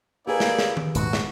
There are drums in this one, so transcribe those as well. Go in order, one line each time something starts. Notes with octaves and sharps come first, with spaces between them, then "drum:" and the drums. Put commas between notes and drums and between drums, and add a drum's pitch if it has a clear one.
A#3 D#4 E4 G4 G#4 B4 D5
drum: snare
drum: snare
drum: tom D#3
D#1 G#2 G#3 B3 F#4, drum: hi-hat
drum: snare